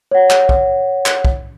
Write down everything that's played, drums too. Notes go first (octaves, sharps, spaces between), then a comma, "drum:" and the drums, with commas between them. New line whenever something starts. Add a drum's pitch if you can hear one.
C#5 F#5
drum: clap
drum: kick B1
drum: clap
drum: kick B1